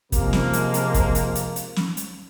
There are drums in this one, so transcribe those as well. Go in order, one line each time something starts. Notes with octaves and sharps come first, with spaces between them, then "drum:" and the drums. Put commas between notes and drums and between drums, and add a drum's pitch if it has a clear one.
C3 F3 G#3 A#3, drum: kick, hi-hat
drum: snare
drum: hi-hat
drum: hi-hat
drum: kick, hi-hat
drum: hi-hat
drum: hi-hat
drum: hi-hat
drum: snare
drum: hi-hat